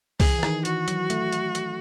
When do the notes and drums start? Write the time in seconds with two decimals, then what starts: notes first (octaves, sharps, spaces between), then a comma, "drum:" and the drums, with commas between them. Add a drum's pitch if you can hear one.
0.20 E3 G#4, drum: kick C2, open hi-hat
0.38 E3
0.43 D#3, drum: rim click
0.65 E3 F#4, drum: hi-hat
0.88 F#3, drum: hi-hat
1.10 A3, drum: hi-hat
1.32 drum: hi-hat
1.55 drum: hi-hat